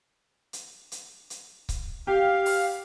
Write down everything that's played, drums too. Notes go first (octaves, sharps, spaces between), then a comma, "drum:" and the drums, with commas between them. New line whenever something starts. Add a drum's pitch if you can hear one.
drum: hi-hat
drum: hi-hat
drum: hi-hat
drum: kick C#1, hi-hat
G4 F5
drum: open hi-hat